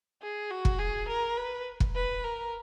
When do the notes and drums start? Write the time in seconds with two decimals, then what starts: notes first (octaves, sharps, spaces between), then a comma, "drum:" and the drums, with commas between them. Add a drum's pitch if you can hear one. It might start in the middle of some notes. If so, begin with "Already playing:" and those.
0.22 G#4
0.51 F#4
0.65 drum: kick
0.79 G#4
1.08 A#4
1.37 B4
1.80 drum: kick
1.95 B4
2.24 A#4